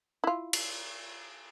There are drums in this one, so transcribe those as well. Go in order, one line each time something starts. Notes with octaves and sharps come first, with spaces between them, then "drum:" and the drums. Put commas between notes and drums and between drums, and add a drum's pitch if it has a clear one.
E4 F4
drum: cymbal